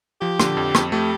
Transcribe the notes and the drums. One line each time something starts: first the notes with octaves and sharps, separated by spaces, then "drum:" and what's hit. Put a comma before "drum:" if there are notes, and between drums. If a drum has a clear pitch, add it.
F3 G4
D3, drum: rim click
F2
F2, drum: rim click
A3 G4